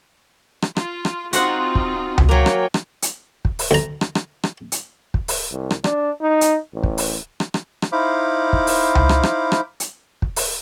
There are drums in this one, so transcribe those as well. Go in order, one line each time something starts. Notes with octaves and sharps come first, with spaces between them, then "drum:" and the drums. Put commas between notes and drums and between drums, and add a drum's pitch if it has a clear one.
drum: rim click
F4, drum: rim click
drum: rim click
C4 D#4 F4 F#4 C5 F#5, drum: hi-hat
drum: kick
drum: tom C#2
F#3 A#3 C#5 G5 G#5
drum: rim click
drum: rim click
drum: hi-hat
drum: kick
drum: open hi-hat
D2 A#5
drum: rim click
drum: rim click
drum: rim click
drum: hi-hat
drum: kick
drum: open hi-hat
C2
drum: rim click
D4, drum: rim click
D#4
drum: hi-hat
A1
drum: kick
drum: open hi-hat
drum: rim click
drum: rim click
drum: rim click
D#4 E4 C5 F5 B5 D6
drum: kick
drum: open hi-hat
drum: tom C#2
drum: rim click
drum: rim click
drum: rim click
drum: hi-hat
drum: kick
drum: open hi-hat